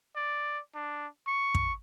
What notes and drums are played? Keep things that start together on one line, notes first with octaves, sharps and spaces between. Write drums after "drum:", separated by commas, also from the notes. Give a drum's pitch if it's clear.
D5
D4
C#6
drum: kick